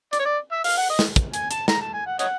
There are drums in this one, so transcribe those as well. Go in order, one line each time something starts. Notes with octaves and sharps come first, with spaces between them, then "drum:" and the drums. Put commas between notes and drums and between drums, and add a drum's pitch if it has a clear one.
D5, drum: hi-hat
C#5
D5
E5
F5, drum: open hi-hat
F#5
D#5
drum: snare
drum: kick, hi-hat
G#5, drum: hi-hat
A5, drum: hi-hat
A#5, drum: snare
A5
G#5
F#5
C#5 D#5 F#5, drum: hi-hat